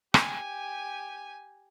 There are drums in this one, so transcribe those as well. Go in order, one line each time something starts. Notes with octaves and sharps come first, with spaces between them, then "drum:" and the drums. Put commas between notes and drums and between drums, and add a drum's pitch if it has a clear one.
G4 G#5, drum: rim click